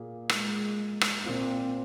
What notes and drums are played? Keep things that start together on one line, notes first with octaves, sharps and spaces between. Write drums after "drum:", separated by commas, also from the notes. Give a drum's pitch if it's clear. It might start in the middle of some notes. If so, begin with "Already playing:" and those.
Already playing: A#2 A#3 G#4
G#3, drum: rim click
drum: rim click
A#2 A#3 C4 F4